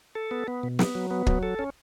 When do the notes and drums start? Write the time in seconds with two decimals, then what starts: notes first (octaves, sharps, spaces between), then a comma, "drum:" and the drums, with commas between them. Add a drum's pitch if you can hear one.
0.15 A4
0.31 B3
0.48 B3
0.63 B2
0.79 B3, drum: snare
0.95 F#3
1.11 B3
1.27 F#3, drum: kick
1.43 A4
1.59 C#4